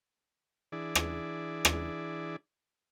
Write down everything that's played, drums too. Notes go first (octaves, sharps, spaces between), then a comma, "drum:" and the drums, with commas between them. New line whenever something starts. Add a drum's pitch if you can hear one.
E3 D4 E4 G#4 D5
drum: rim click
drum: rim click